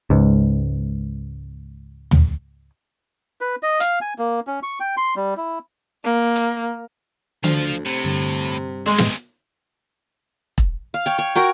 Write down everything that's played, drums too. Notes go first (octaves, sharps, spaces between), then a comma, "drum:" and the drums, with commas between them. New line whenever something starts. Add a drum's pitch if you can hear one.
C#2 G#2
drum: tom
B4
D#5
F5, drum: hi-hat
G#5
A#3
C#4
C#6
G5
C6
G3
E4
A#3
drum: hi-hat
D2 F3 D4 C5 F5, drum: tom D3
A2 C3
G2 D3 G3
G#3 C4 G#4
drum: snare
drum: kick E1
F5
C#5 G5
C#5
F#4 A#4 G5